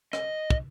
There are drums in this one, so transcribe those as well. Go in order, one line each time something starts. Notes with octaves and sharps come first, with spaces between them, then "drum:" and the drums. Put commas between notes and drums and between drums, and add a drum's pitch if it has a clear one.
D#5, drum: rim click
drum: kick